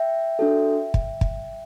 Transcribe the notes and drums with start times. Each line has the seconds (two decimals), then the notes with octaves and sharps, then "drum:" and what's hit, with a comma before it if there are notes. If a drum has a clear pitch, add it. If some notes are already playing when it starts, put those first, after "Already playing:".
Already playing: E5 G5
0.39 D4 F#4 A4
0.94 drum: kick
1.21 drum: kick